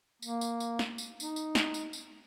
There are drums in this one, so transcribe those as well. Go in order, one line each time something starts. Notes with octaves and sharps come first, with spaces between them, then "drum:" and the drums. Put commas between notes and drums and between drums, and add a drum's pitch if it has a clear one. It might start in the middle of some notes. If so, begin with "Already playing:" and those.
A#3, drum: tambourine
drum: tambourine
drum: tambourine
drum: snare
drum: tambourine
D#4, drum: tambourine
drum: tambourine
drum: snare
drum: tambourine
drum: tambourine